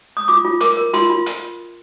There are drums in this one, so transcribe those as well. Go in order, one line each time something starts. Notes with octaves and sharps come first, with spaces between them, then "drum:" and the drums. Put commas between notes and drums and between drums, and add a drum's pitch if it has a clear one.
D#6
F4 D6
F4
A#4 D6, drum: hi-hat
A#4
F4 C6, drum: hi-hat
F4
drum: hi-hat